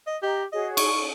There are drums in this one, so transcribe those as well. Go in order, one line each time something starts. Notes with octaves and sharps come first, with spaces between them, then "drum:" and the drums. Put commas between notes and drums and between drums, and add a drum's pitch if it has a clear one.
D#5
G4 D#5 A#5
F#4 G#4 C#5 D#5
C#6, drum: cymbal
C#4